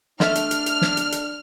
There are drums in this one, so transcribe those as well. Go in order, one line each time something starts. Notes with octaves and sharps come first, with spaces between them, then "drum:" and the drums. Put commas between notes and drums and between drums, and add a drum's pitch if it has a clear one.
A3 D4 A4 E5 F6, drum: snare
drum: hi-hat
drum: hi-hat
drum: hi-hat
drum: snare
drum: hi-hat
drum: hi-hat